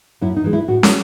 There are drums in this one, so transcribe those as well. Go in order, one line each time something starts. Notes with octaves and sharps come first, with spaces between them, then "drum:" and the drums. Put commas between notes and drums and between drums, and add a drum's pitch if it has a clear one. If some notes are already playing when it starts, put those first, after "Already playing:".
F#2 E4
D#4
E3 G#3
E4
A2 F#4
drum: snare